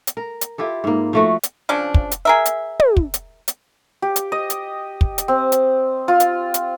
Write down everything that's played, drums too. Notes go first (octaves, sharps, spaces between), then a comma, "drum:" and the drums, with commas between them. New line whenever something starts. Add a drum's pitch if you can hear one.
drum: hi-hat
A#4
drum: hi-hat
E4 F4 G4 A4
G#2 A#3
F3 A3 F#4
drum: hi-hat
C#3 F3 D4
drum: kick
drum: hi-hat
G#4 A#4 E5
drum: hi-hat
drum: tom
drum: kick
drum: hi-hat
drum: hi-hat
G4
drum: hi-hat
D#5
drum: hi-hat
drum: kick
drum: hi-hat
C4
drum: hi-hat
F4
drum: hi-hat
drum: hi-hat